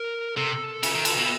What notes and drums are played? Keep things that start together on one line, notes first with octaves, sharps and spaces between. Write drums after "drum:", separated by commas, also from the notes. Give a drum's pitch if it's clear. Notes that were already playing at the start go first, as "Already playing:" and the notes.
Already playing: A#4
C3 A4
C#3, drum: cymbal
D#3
D3, drum: cymbal
B2